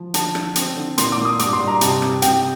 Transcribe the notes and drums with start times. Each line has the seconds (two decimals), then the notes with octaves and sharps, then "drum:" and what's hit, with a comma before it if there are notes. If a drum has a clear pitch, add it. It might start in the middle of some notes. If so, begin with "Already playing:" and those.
Already playing: F3
0.14 D3 A5, drum: hi-hat
0.35 D3, drum: rim click
0.56 C4, drum: hi-hat
0.76 D3
0.98 A#2 C6, drum: hi-hat
1.12 D6
1.18 A#2
1.25 D#6
1.39 G2 D6, drum: hi-hat
1.53 C6
1.60 G2
1.67 A#5
1.81 C3 A5, drum: hi-hat
2.02 C3, drum: rim click
2.22 C3 G5, drum: hi-hat